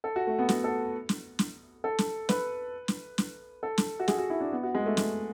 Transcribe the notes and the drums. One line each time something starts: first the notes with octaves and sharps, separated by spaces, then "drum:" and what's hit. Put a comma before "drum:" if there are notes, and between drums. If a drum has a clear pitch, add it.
A4
F#4
A3
B3
F#4, drum: snare
A4
drum: snare
drum: snare
A4
drum: snare
B4, drum: snare
drum: snare
drum: snare
A4
drum: snare
F#4
G#4, drum: snare
F#4
E4
D4
B3
F#4
G#3
A3
drum: snare